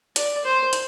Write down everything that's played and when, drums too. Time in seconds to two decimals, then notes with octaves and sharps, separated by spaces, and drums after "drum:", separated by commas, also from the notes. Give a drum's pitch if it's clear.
0.16 D5, drum: hi-hat
0.45 C5
0.73 drum: hi-hat